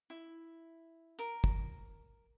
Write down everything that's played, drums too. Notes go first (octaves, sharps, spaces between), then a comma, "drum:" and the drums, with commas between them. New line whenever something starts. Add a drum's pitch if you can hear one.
E4
A#4, drum: hi-hat
drum: kick